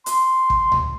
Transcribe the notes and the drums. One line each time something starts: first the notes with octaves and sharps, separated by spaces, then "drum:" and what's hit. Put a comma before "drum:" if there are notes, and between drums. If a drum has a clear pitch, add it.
C6, drum: hi-hat
drum: kick
drum: tom C#2